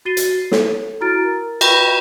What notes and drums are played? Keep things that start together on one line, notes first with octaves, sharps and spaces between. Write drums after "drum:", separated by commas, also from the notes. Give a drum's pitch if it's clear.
F#4 A6 C7 D#7 G7
drum: hi-hat
A4 C#5, drum: snare
E4 F#4 A#5 F6 A6 D7
A#4
B4 G5 B5 C#6 G6 A#6, drum: cymbal